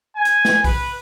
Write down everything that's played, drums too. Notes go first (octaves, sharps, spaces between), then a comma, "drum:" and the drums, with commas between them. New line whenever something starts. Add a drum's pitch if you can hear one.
G#5
drum: hi-hat
drum: snare
B4, drum: kick B1, open hi-hat